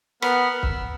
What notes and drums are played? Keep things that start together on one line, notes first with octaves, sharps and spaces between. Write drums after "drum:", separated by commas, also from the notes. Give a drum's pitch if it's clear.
B3 A#4 F#5 B5 F6, drum: rim click
E6, drum: kick